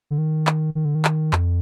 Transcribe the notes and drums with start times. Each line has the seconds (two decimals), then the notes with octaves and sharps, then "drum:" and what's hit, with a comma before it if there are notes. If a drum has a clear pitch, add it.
0.11 D3
0.18 D#3
0.47 drum: clap
0.75 D#3
0.85 D3
0.95 D#3
1.05 drum: clap
1.33 F2, drum: clap